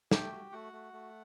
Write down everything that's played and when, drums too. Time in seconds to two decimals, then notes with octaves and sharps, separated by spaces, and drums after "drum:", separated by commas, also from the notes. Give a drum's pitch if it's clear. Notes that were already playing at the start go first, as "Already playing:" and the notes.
0.11 A3 G4 G5, drum: snare
0.32 F#4
0.52 A3 F#4 F#5
0.73 A3
0.93 A3